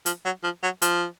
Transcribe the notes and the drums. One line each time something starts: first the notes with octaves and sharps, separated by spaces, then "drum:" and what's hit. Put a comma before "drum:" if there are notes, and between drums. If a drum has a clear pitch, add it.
F3, drum: hi-hat
F#3
F3
F#3
F3, drum: hi-hat